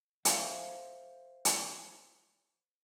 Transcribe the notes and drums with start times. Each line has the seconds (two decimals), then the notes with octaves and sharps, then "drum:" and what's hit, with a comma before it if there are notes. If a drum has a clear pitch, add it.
0.25 A4 C5 E5 F5, drum: hi-hat
1.45 drum: hi-hat